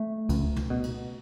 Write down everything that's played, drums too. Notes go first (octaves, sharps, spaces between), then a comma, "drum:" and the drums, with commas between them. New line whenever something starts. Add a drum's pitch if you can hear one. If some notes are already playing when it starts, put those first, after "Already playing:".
Already playing: A3
C#2, drum: kick C#2, cymbal
drum: tom
B2
drum: cymbal